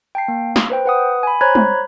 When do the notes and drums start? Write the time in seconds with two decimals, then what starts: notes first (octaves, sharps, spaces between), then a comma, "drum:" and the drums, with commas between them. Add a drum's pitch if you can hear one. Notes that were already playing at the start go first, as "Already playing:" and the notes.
0.15 G5 A5 C7
0.28 A#3
0.56 drum: snare
0.70 B4 C5 G5
0.85 B4 F#5 D#6
1.23 G#5 B5
1.41 C5 C#5 A#5 B5 F#6 G#6
1.55 drum: tom G3